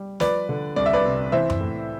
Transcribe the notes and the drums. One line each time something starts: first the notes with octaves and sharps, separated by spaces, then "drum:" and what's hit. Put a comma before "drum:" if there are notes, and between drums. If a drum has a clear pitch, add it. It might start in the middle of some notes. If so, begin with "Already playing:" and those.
Already playing: G3
F3 B4 D5, drum: snare
D3
C2 D5
E5
B4 D5
C3
E3 C5 E5
drum: tom F#2
A2